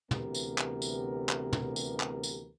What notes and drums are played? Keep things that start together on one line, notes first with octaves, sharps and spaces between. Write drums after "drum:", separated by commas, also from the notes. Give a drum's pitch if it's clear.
D2 C3 E3 B3 G4 A#4, drum: tom
drum: tambourine
drum: clap
drum: tambourine
drum: clap
drum: tom
drum: tambourine
drum: clap
drum: tambourine